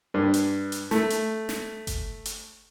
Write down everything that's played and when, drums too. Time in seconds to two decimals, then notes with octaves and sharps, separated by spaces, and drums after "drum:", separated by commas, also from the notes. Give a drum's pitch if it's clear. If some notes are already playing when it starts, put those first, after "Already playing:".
0.14 G2
0.34 drum: hi-hat
0.72 drum: hi-hat
0.91 A3, drum: snare
1.10 drum: hi-hat
1.49 drum: snare
1.87 drum: kick G1, hi-hat
2.25 drum: hi-hat